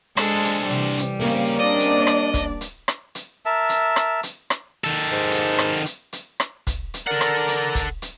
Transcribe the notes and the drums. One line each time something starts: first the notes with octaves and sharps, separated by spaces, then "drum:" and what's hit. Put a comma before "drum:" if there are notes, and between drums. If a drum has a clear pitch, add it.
G#3 D4 A4 C5, drum: rim click
drum: hi-hat
C3 E3 G3
drum: hi-hat
C#3 A#3 C4 C#4
D4 D5 D#5
drum: hi-hat
drum: rim click
drum: kick, hi-hat
drum: hi-hat
drum: rim click
drum: hi-hat
A#4 E5 A5
drum: hi-hat
drum: rim click
drum: hi-hat
drum: rim click
D#3 A4
G#2
drum: hi-hat
drum: rim click
drum: hi-hat
drum: hi-hat
drum: rim click
drum: kick, hi-hat
drum: hi-hat
A4 A#4 D5 F#5 A#5
drum: rim click
drum: hi-hat
drum: kick, hi-hat
drum: hi-hat